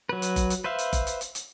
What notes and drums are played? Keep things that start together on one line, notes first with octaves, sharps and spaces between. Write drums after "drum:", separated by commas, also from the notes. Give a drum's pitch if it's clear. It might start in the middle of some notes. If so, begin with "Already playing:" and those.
F#3 B4
drum: hi-hat
drum: kick F#1, hi-hat
drum: hi-hat
B4 C5 E5 F5
drum: hi-hat
drum: kick F#1, hi-hat
drum: hi-hat
drum: hi-hat
drum: hi-hat